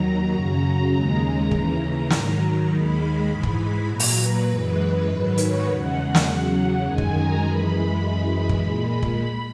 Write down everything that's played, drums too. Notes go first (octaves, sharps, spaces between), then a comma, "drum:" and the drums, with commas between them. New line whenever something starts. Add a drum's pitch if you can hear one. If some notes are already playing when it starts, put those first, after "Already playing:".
Already playing: D#2 D#3 F#3 A#5
F#2 C#3 F#3 A#5
D#2 C#3 G#3
D#2 C#3 E3, drum: kick
G#2 D#3 F#3, drum: snare
D#2 D#3 G#3 B5
G#2 E3 G#3
drum: kick
A#2 F#3 A#5
drum: open hi-hat
B4
F#2 E3 G#3
G#2 D#3 F#3 B4
C#5, drum: hi-hat
E2 C#3 G#3 F#5
drum: snare
E2 C#3 F#3
F#2 D#3 G#3 G#5
drum: kick
A#5
F#2 E3 G#3 B5
F#2 E3 G#3
drum: kick
A#2 G#3
drum: kick
B5